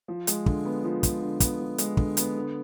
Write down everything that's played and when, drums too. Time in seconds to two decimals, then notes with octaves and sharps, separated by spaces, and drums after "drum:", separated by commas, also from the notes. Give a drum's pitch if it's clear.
0.08 F3
0.27 G#3, drum: hi-hat
0.46 D3, drum: kick
0.65 B3
0.84 F3
1.03 G#3, drum: kick, hi-hat
1.21 D3
1.40 B3, drum: kick, hi-hat
1.60 F3
1.78 G#3, drum: hi-hat
1.97 D3, drum: kick
2.17 B3, drum: hi-hat
2.36 D3